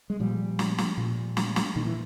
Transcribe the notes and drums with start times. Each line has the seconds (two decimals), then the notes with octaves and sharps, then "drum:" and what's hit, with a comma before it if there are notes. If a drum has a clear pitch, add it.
0.10 G#3
0.20 A#2 F3 G3
0.59 drum: snare
0.78 drum: snare
0.97 A#2
1.37 drum: snare
1.56 drum: snare
1.76 A#2 D#3
1.85 E3